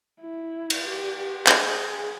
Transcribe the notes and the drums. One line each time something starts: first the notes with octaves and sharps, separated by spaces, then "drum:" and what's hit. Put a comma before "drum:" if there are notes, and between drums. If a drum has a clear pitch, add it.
E4
drum: cymbal
G4
G#4, drum: clap